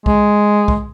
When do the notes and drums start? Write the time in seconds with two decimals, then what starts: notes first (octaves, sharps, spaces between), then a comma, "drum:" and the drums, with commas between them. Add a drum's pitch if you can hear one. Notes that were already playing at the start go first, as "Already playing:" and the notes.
0.06 G#3, drum: kick B1
0.68 drum: kick B1